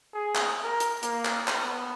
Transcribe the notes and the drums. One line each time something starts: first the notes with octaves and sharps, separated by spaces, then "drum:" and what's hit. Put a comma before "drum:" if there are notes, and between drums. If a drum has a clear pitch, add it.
G#4
drum: clap
A#4
drum: hi-hat
A#3, drum: hi-hat
drum: clap
drum: clap
B3